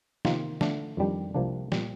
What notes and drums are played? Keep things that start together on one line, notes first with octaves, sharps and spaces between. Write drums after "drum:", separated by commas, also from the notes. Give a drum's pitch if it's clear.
C3 D#3 A#3 F4, drum: snare
D3 A3 D4, drum: snare
F2 D#3 G3 D4 G4
C2 C3 F3 A#3 D4
A#2 G3, drum: snare